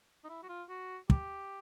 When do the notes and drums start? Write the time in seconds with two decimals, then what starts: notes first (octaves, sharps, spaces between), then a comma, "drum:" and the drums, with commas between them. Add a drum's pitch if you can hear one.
0.24 D#4
0.29 E4
0.43 F#4
0.49 F4
0.69 F#4
1.10 G4, drum: kick